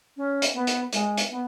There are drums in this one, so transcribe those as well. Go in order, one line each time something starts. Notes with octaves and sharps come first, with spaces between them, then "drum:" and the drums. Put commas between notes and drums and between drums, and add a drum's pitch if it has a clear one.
C#4
drum: hi-hat
B3
drum: hi-hat
G#3, drum: hi-hat
drum: hi-hat
B3